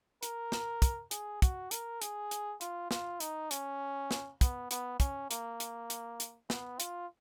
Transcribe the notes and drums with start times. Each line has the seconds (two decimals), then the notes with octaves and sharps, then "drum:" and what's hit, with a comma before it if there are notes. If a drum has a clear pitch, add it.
0.23 A#4, drum: hi-hat
0.52 drum: snare
0.82 drum: kick, hi-hat
1.11 G#4, drum: hi-hat
1.42 F#4, drum: kick, hi-hat
1.71 A#4, drum: hi-hat
2.02 G#4, drum: hi-hat
2.31 drum: hi-hat
2.61 F4, drum: hi-hat
2.91 F4, drum: snare
3.20 D#4, drum: hi-hat
3.51 C#4, drum: hi-hat
4.11 drum: snare
4.41 B3, drum: kick, hi-hat
4.71 B3, drum: hi-hat
5.00 C#4, drum: kick, hi-hat
5.31 A#3, drum: hi-hat
5.60 drum: hi-hat
5.90 drum: hi-hat
6.20 drum: hi-hat
6.50 B3, drum: snare
6.80 F4, drum: hi-hat